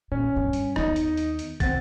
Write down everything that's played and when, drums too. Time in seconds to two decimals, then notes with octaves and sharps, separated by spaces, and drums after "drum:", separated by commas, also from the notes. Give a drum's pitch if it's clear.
0.12 A#2 C#4
0.36 G2
0.53 drum: hi-hat
0.76 D#2 B3 D#4 D#5, drum: rim click
0.96 drum: hi-hat
1.17 drum: hi-hat
1.39 drum: hi-hat
1.60 C#2 C3 C4 F#5 A6, drum: kick, hi-hat